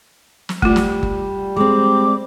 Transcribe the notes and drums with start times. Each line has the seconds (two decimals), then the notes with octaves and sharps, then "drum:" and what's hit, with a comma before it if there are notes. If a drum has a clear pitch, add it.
0.49 drum: snare
0.62 G3 A3 F4, drum: kick G1
0.76 drum: snare
1.03 drum: kick G1
1.56 G#3 C4 D6